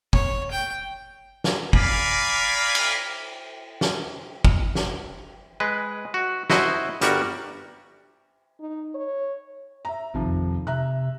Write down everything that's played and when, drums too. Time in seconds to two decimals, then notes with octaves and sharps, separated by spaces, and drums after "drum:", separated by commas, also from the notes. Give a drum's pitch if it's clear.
0.13 C#5, drum: kick
0.51 G5
1.44 drum: snare
1.73 D5 F5 G#5 A#5 B5, drum: kick
2.75 drum: cymbal
3.81 drum: snare
4.45 drum: kick
4.75 drum: snare
5.60 G#3 B4
6.14 F#4
6.50 E4 F#4 C5 D#5, drum: snare
7.01 G1 G3 F#4 A#4, drum: hi-hat
8.60 D#4
8.95 C#5
9.85 E5 A#5
10.14 A1 C3 D#3 F3
10.26 F2
10.67 C3 E5 A#5 F#6